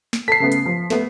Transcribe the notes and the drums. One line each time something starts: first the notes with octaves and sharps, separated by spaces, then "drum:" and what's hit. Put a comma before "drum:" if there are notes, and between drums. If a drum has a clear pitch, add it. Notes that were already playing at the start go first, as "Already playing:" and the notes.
drum: snare
A4 A5 B6 C7
C#3 A3 B3
drum: hi-hat
F3
A3 B3, drum: snare